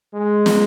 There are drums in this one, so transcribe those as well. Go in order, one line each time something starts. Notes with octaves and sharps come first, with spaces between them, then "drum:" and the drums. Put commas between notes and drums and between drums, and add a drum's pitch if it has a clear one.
G#3
drum: snare